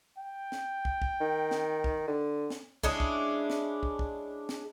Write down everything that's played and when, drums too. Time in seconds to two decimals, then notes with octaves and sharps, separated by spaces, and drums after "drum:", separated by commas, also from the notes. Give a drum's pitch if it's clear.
0.18 G5
0.52 drum: snare
0.85 drum: kick
1.02 drum: kick
1.21 D#3
1.51 drum: snare
1.84 drum: kick
2.08 D3
2.50 drum: snare
2.84 G#3 C#4 D4 E4, drum: kick
3.00 drum: kick
3.50 drum: snare
3.83 drum: kick
3.99 drum: kick
4.49 drum: snare